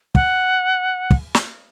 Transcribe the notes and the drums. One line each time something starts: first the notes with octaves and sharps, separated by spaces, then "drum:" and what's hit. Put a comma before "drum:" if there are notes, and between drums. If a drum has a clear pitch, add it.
F#5, drum: kick
drum: kick
drum: snare